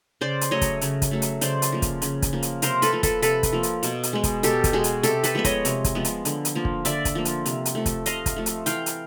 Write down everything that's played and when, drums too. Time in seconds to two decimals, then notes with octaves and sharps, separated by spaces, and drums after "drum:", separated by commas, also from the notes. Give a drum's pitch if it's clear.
0.21 C#3 C5 D5
0.41 drum: hi-hat
0.51 F#3 A3 C#5 D#5
0.61 drum: kick, hi-hat
0.81 C#3, drum: hi-hat
1.02 drum: kick, hi-hat
1.11 F#3 A3
1.22 drum: hi-hat
1.41 C#3 C5 D5, drum: hi-hat
1.62 drum: hi-hat
1.72 F3 A#3
1.82 drum: kick, hi-hat
2.02 C#3, drum: hi-hat
2.22 drum: kick, hi-hat
2.33 F3 A#3
2.42 drum: hi-hat
2.62 C3 A#4 C5, drum: hi-hat
2.82 A4 B4, drum: hi-hat
2.93 F3 A#3
3.03 A4 B4, drum: kick, hi-hat
3.22 C3 A4 B4, drum: hi-hat
3.43 drum: kick, hi-hat
3.53 F3 A#3
3.63 drum: hi-hat
3.83 B2, drum: hi-hat
4.03 drum: hi-hat
4.13 G#3 B3
4.24 drum: kick, hi-hat
4.43 B2 G4 A4, drum: hi-hat
4.64 drum: kick, hi-hat
4.73 G#3 B3 F#4 G#4
4.84 drum: hi-hat
5.03 C3 G4 A4, drum: hi-hat
5.24 A4 B4, drum: hi-hat
5.35 F3 G#3 B3 E5
5.45 C#5 D#5, drum: kick, hi-hat
5.65 C3, drum: hi-hat
5.84 drum: kick, hi-hat
5.95 F3 G#3 B3
6.05 drum: hi-hat
6.25 D3, drum: hi-hat
6.45 drum: hi-hat
6.55 F3 A#3
6.65 drum: kick
6.85 D3 D5 E5, drum: hi-hat
7.05 drum: kick, hi-hat
7.15 F3 A#3
7.25 drum: hi-hat
7.46 C3, drum: hi-hat
7.65 drum: hi-hat
7.75 F3 A3
7.86 drum: kick, hi-hat
8.06 C3 D#5 F5, drum: hi-hat
8.26 drum: kick, hi-hat
8.36 F3 A3
8.46 drum: hi-hat
8.66 E3 F5 G5, drum: hi-hat
8.86 drum: hi-hat